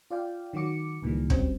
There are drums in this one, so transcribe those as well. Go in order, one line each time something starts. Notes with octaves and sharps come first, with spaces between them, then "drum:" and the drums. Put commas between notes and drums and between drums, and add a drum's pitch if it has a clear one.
F4 D5 F5 G5
D#3 F#3 F#4 D6 C#7
C#2 A#2 D#3 E3 G3
F#3 G3 C4 C#4, drum: kick